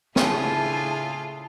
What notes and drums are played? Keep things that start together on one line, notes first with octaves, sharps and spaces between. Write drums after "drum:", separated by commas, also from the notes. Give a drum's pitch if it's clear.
A2 C#3 D4 E4 F4 G#4 A5, drum: snare